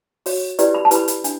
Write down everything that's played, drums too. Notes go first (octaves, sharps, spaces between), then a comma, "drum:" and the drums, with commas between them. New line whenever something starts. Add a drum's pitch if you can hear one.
F#4 C#5, drum: open hi-hat
C#4 E4 G4 B4 D5, drum: hi-hat
B5
A5
C#4 E4 G4 B4 B5, drum: hi-hat
drum: hi-hat
D4, drum: hi-hat